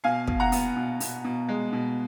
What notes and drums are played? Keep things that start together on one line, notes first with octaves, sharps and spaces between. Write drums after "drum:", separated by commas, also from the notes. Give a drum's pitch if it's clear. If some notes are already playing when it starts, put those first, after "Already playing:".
B2 F5 G#5
B2, drum: kick
F#5 A#5
B3, drum: open hi-hat
B2
B2, drum: open hi-hat
B2
G#3
B2